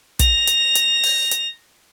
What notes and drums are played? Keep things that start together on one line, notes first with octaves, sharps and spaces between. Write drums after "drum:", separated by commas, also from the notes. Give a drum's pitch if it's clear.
A#6 F7, drum: kick, hi-hat
drum: hi-hat
drum: hi-hat
drum: open hi-hat
drum: hi-hat